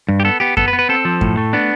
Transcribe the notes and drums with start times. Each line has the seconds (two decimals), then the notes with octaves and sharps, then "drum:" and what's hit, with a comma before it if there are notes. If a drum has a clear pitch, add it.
0.08 G2
0.20 G4
0.25 B3 A4
0.40 B3 G4
0.57 B3 A4, drum: kick F#2
0.68 B4
0.73 B3
0.79 B4
0.89 C4 A4
1.05 F3
1.21 A2, drum: kick F#2
1.37 A3
1.53 B3 D4